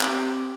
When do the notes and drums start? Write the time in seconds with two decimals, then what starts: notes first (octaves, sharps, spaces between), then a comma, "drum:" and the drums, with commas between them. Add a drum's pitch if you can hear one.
0.01 C4 G4, drum: clap